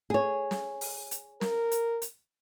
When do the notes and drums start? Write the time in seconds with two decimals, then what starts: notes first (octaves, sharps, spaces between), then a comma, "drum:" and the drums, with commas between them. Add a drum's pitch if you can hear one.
0.10 G#4 C#5
0.51 drum: snare
0.81 drum: open hi-hat
1.11 drum: hi-hat
1.41 A#4, drum: snare
1.71 drum: hi-hat
2.02 drum: hi-hat